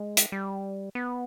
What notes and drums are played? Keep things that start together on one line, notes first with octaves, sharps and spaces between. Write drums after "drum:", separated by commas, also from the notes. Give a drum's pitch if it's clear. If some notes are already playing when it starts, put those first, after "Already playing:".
Already playing: G#3
drum: hi-hat
G3
B3